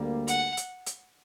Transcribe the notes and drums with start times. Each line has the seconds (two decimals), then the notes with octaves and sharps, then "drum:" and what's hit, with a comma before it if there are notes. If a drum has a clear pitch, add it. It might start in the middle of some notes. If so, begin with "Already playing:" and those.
Already playing: D2 D3 G3 A#3
0.28 F#5, drum: hi-hat
0.57 drum: hi-hat
0.86 drum: hi-hat